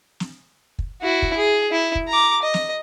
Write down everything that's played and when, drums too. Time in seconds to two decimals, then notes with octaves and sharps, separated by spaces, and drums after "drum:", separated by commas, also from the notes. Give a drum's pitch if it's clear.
0.20 drum: snare
0.79 drum: kick
1.02 E4 F#4
1.22 drum: kick
1.37 G#4
1.71 E4
1.95 drum: kick
2.08 A#5 D6
2.42 D#5
2.54 drum: snare